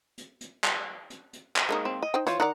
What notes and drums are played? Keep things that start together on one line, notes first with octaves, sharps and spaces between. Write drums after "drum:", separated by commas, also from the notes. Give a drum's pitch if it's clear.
drum: hi-hat
drum: hi-hat
drum: clap
drum: hi-hat
drum: hi-hat
drum: clap
G#3 A#3 D#4
C4
D#5
D#4 C5 G5
E3 F4 C5 C#5, drum: hi-hat
D#3 D5 F#5 A#5